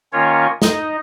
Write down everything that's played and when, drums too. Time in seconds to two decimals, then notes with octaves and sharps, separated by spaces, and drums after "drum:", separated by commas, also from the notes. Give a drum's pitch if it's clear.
0.12 D#3 A#3 C#4 F4 C#5
0.62 D#4 D#5, drum: snare